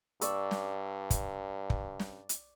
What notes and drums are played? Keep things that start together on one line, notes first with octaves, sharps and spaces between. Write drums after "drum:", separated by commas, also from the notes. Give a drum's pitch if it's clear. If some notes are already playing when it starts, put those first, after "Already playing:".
G2 D5 C#6 E6, drum: hi-hat
drum: snare
drum: kick, hi-hat
drum: kick
drum: snare
drum: hi-hat